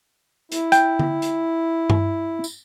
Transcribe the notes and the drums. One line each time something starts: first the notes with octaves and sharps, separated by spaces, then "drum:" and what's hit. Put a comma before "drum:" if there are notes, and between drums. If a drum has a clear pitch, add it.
E4, drum: hi-hat
G5, drum: hi-hat
drum: tom D3
drum: hi-hat
drum: tom G2
drum: tambourine